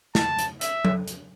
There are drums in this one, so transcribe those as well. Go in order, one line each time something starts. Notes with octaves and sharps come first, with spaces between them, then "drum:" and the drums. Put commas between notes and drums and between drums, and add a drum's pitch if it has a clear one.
A5, drum: snare
drum: hi-hat
E5, drum: hi-hat
drum: tom F#3
drum: hi-hat